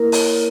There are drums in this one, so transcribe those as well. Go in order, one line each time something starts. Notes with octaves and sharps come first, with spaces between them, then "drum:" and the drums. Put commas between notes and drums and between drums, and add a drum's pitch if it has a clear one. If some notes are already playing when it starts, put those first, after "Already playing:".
Already playing: A#3 E4 A#4
C#5, drum: open hi-hat